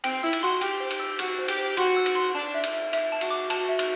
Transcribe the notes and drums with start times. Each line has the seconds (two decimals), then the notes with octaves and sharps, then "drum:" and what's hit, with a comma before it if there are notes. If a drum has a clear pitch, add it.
0.04 C4 G5, drum: cymbal
0.23 E4 E6
0.33 drum: cymbal
0.42 F#4 C6
0.61 G4 G5, drum: cymbal
0.80 C5
0.90 drum: cymbal
1.00 E6
1.19 F#4 E6, drum: cymbal
1.39 C5
1.48 G4, drum: cymbal
1.57 C5
1.77 F#4 C6, drum: cymbal
1.97 E6
2.06 drum: cymbal
2.15 C6
2.35 D4 A5
2.54 E5
2.63 drum: cymbal
2.73 E5
2.93 E5, drum: cymbal
3.12 A5
3.21 F#4, drum: cymbal
3.30 D6
3.50 F#4 A5, drum: cymbal
3.69 E5
3.79 drum: cymbal